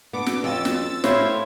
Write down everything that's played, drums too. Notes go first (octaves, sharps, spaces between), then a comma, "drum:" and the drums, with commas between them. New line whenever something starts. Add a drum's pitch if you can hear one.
B3 D4 D6
drum: snare
F2 C#4 F4 E6 A6
drum: snare
A2 E4 C5 C#5 F5, drum: snare